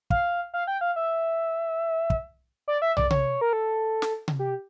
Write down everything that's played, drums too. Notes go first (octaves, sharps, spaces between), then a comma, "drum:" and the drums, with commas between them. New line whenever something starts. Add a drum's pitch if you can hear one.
F5, drum: kick
F5
G5
F5
E5
drum: kick
D5
E5
D5, drum: tom
C#5, drum: tom C3
A#4
A4
drum: snare
drum: tom C3
G4